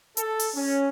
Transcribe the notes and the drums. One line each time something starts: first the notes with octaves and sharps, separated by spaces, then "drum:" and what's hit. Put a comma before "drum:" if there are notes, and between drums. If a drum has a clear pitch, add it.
A4, drum: hi-hat
drum: open hi-hat
C#4